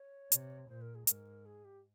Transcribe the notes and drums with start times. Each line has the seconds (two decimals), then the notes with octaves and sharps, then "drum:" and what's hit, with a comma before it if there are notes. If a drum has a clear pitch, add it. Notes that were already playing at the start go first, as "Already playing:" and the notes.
Already playing: C#5
0.32 C3, drum: hi-hat
0.69 A#2 C5
0.81 A#4
0.95 G#4
1.07 G#2 A#4, drum: hi-hat
1.46 G#4
1.65 G4